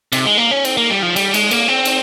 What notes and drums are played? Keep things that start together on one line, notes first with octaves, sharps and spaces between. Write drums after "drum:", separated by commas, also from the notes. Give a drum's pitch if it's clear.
C3, drum: cymbal
G#3
A#3
C#4
C4, drum: cymbal
A#3
G3
F3
G3, drum: cymbal
G#3, drum: cymbal
A#3, drum: cymbal
C4
drum: cymbal